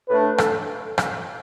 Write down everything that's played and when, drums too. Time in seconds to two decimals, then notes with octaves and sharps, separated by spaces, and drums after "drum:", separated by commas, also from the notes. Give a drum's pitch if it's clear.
0.09 A2 A3 D4 B4
0.38 A4, drum: rim click
0.98 drum: rim click